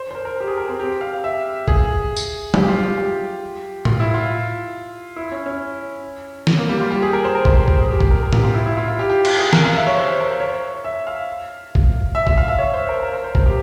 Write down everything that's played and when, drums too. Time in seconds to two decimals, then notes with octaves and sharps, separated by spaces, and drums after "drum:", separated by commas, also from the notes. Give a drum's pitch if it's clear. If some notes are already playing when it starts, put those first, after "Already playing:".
Already playing: C5
0.11 C5
0.15 A#4
0.25 A#4
0.40 G4
0.47 G#4
0.57 A#4
0.69 C4
0.80 G4
1.01 F5
1.24 E5
1.68 G#4, drum: kick
2.16 drum: tambourine
2.54 G4, drum: tom F#3
2.68 F4
2.83 G4
2.98 G4
3.85 F4, drum: tom A2
4.00 E4
4.14 F4
5.16 E4
5.32 C#4
5.46 C#4
6.47 drum: snare
6.58 A#3
6.69 G3
6.81 F4
6.91 G4
7.02 G#4
7.13 A#4
7.24 C5
7.35 A#4
7.45 C5, drum: kick
7.57 C5
7.68 A#4, drum: kick
7.79 G#4
7.89 G4
8.00 G#4, drum: kick
8.11 A#4
8.23 A#4
8.33 G4, drum: tom A2
8.44 F4
8.54 E4
8.66 E4
8.77 F4
8.88 F4
8.99 G4
9.10 G4
9.25 F4, drum: cymbal
9.39 G#4
9.53 A#4, drum: snare
9.65 F5
9.76 E5
9.87 C#5
9.97 C5
10.21 A#4
10.31 C5
10.40 C#5
10.84 E5
11.07 F5
11.75 drum: kick
12.15 E5
12.27 E5, drum: kick
12.38 F5
12.48 E5
12.58 C#5
12.74 C5
12.89 A#4
13.03 A#4
13.13 C5
13.24 C5
13.35 A#4, drum: kick
13.46 G4